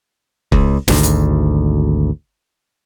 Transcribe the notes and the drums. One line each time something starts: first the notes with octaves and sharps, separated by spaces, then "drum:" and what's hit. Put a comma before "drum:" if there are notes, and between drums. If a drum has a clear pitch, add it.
C#2, drum: kick
G#1 D2, drum: snare
drum: hi-hat